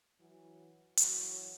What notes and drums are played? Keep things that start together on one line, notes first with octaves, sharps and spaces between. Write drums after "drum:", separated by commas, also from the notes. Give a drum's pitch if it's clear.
E3 F#3
E3 F#3, drum: hi-hat